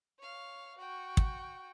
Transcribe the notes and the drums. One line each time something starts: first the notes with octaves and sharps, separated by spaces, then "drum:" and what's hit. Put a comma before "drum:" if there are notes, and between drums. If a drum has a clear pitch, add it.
C#5 F5
F#4 G5
drum: kick